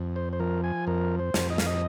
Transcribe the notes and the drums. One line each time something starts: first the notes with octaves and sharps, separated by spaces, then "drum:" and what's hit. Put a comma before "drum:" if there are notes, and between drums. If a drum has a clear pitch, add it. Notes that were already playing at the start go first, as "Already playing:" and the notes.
Already playing: F2
C5
C5
F3 A#4
G#5
F2 A#4
C5
F2, drum: snare
D#5
F5, drum: snare
D#5